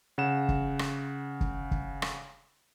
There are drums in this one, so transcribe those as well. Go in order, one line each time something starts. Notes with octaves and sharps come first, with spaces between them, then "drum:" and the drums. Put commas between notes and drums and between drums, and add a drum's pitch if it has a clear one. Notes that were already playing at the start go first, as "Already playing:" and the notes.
C#3 F#5 E7
drum: kick
drum: rim click
drum: kick
drum: kick
drum: rim click